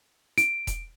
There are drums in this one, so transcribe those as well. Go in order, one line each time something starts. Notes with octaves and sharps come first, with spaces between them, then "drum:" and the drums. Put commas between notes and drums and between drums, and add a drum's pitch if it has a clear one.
D7, drum: hi-hat
drum: kick E1, hi-hat